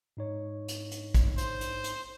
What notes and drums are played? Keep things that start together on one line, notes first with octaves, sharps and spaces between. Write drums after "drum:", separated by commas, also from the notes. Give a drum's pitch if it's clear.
G#2 D#4 C#5
drum: hi-hat
drum: hi-hat
drum: kick A#1, hi-hat
C5, drum: hi-hat
drum: hi-hat
drum: hi-hat